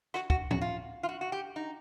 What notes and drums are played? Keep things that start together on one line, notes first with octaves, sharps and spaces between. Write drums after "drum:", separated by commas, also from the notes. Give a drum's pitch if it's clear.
F#4, drum: rim click
F#4, drum: kick
F#4, drum: tom A2
F4
F4
F#4
F#4
G4
D#4